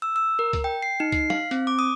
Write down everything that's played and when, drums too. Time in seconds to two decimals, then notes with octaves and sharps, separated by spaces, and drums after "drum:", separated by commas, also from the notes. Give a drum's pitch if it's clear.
0.02 E6
0.16 E6
0.39 A#4
0.53 drum: kick C#2, hi-hat
0.64 G5
0.82 C7
1.00 D#4
1.12 C7, drum: kick C#2, hi-hat
1.30 F5, drum: snare
1.51 C4, drum: hi-hat
1.67 D6
1.79 D#6